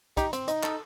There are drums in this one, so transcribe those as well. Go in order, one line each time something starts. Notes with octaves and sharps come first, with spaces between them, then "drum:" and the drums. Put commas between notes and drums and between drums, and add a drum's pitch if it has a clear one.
D#4 G4, drum: kick, hi-hat
C4, drum: hi-hat
D#4 D#5, drum: hi-hat
A4, drum: clap